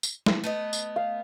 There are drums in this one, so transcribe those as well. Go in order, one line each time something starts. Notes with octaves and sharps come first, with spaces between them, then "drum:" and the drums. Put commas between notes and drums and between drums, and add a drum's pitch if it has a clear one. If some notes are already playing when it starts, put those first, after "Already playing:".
drum: tambourine
drum: snare
A3 B3 D#5
drum: tambourine
F5